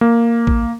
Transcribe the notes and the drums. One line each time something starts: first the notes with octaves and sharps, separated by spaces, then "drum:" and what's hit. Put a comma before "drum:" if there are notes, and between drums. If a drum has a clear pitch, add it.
A#3
drum: kick